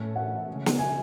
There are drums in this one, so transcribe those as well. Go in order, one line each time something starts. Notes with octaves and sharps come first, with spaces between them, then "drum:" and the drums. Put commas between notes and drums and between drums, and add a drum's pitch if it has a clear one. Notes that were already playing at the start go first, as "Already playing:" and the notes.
Already playing: A2 E3 A3 C#4
F#5
C#3 G#3 C#4
drum: snare
G#5